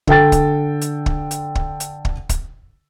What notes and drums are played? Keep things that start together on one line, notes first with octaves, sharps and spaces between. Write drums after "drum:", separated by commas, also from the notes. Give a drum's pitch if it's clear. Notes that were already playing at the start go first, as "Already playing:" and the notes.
D3 A4 G5 A6, drum: kick
drum: kick, hi-hat
drum: hi-hat
drum: kick
drum: hi-hat
drum: kick
drum: hi-hat
drum: kick
drum: kick, hi-hat